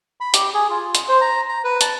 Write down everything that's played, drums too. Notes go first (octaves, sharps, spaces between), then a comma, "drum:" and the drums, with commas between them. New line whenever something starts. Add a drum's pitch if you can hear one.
B5
G4, drum: hi-hat
G#4
F4
drum: hi-hat
C5
A#5
A#5
B4
A5, drum: hi-hat